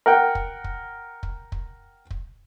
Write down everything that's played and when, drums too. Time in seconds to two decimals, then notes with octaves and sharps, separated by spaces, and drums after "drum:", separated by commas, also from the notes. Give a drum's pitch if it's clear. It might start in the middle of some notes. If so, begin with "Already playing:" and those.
0.06 A#4 F#5 G5
0.35 drum: kick
0.64 drum: kick
1.23 drum: kick
1.52 drum: kick
2.10 drum: kick